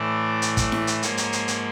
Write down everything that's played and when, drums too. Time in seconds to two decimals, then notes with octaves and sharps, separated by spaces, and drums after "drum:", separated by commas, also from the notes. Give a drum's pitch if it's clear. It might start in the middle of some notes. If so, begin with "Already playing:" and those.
Already playing: A2 E3 A3 D5
0.42 drum: hi-hat
0.57 drum: kick, hi-hat
0.72 drum: snare E4
0.87 drum: hi-hat
1.03 G#2 F3 A#3 C#5, drum: hi-hat
1.18 drum: hi-hat
1.33 drum: hi-hat
1.48 drum: hi-hat